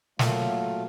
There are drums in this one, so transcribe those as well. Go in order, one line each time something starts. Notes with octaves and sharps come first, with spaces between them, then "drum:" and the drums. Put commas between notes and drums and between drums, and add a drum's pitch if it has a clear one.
F#3 A3 A#3 F4, drum: snare